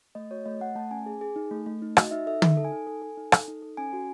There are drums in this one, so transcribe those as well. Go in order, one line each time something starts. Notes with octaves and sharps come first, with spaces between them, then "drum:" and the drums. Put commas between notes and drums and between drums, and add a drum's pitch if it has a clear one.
A3 D#5
F#4 C#5
A3 D#5
A3 F#5
A3 A5
C#4 G#5
G#4
G#4
D#4
A3
A3
D#4
F#4 D#5, drum: rim click
D#4 E5
A4 E5
D#4, drum: tom
A4
G#5
D#4
A4
A4
D#4
A4, drum: rim click
D#4
A4
C#4 G#5
F#4